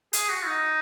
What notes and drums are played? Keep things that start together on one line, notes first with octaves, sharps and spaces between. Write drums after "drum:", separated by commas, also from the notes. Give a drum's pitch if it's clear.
G#4, drum: hi-hat
F#4
D#4